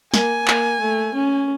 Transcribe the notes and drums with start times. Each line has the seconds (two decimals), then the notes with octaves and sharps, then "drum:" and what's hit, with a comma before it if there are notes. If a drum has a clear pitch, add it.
0.14 A#3 G#5, drum: snare
0.48 A#3, drum: clap
0.81 A3
1.14 C#4